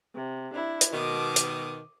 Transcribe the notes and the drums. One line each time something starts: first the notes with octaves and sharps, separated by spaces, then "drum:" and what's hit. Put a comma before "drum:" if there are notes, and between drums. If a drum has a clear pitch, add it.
C3
D4 E4
drum: hi-hat
B2 D#3 D6 D#6
drum: hi-hat